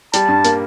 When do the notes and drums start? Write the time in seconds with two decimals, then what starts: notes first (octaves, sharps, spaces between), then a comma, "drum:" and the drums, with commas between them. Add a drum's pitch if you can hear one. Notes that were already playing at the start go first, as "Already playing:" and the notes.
0.14 G3 A5, drum: hi-hat
0.28 G2
0.45 A#3, drum: hi-hat